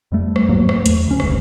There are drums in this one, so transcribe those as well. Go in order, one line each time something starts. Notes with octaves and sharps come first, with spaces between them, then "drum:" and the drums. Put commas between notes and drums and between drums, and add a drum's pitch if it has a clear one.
F2 G3 A3
drum: rim click
D#2 G#2 F#3 A#3
A3, drum: rim click
E2, drum: hi-hat
D2 C#4
E1 C#2 G2, drum: rim click